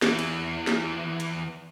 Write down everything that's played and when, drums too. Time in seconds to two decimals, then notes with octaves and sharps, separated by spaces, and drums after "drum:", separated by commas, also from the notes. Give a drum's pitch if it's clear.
0.02 E2 E3, drum: snare
0.19 drum: cymbal
0.67 drum: snare
1.20 drum: hi-hat